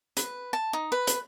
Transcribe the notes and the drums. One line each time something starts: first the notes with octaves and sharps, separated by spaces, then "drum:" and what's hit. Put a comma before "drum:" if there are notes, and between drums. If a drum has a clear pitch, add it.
B4, drum: hi-hat
A5
D#4
B4
drum: hi-hat